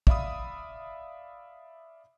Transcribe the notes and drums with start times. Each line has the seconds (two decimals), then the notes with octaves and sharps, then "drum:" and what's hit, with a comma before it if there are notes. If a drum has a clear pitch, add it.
0.07 D5 E5 F5 B5 D#6, drum: kick